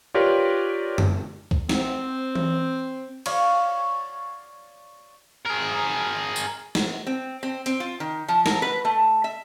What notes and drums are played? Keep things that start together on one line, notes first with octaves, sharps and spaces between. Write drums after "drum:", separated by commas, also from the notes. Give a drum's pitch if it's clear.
F4 G4 A#4 B4 C#5 D5
drum: tom F#2
drum: kick C2
C4, drum: snare
drum: tom E3
C#5 D5 F5 C#6, drum: cymbal
G#4 A#4
drum: tambourine
drum: snare
C4
C4
C4, drum: hi-hat
F4
D#3
F3
A#4, drum: snare
B4
A3
E5